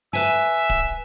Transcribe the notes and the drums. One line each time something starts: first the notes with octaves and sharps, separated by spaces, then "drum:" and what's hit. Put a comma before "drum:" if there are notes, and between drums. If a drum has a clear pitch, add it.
B4 E5 G#5
drum: kick D1